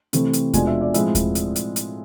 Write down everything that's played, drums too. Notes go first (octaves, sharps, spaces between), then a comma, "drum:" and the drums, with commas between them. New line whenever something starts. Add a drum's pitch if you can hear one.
C3 E3 A3 C4, drum: hi-hat
drum: hi-hat
B2 G#3 D4 F4 G#5, drum: kick D#2, hi-hat
E5
D5
A2 F3 G#3 C4 E4 E5, drum: hi-hat
drum: kick D#2, hi-hat
drum: hi-hat
drum: hi-hat
drum: hi-hat